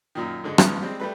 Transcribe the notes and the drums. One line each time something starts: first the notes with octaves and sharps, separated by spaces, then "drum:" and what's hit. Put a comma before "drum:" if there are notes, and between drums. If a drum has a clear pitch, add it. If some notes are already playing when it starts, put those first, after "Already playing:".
F#2 A#2 D#3
G#2 D3 G#3
G#2 C#3 F3 B3, drum: rim click
G3 G#3 C4
G3 A3 B4